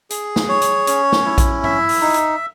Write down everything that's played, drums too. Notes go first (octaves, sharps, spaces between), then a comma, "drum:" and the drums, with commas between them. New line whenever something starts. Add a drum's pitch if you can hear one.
G#4, drum: hi-hat
drum: snare
C#5
drum: hi-hat
C#4, drum: hi-hat
drum: snare
E4
drum: kick A#1, hi-hat
E5, drum: tom G2
drum: open hi-hat
D#4
drum: hi-hat